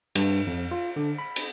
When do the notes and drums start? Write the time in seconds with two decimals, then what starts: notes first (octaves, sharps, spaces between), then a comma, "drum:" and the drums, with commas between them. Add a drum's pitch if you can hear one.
0.15 G2, drum: cymbal
0.47 F2
0.71 F4
0.96 D3
1.18 B5
1.36 drum: cymbal